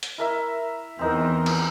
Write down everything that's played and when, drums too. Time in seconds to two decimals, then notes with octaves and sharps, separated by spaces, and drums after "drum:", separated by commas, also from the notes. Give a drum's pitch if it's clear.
0.03 drum: hi-hat
0.18 E4 A#4 E5
0.99 E2 E3 C4 D#4 A#4
1.46 drum: cymbal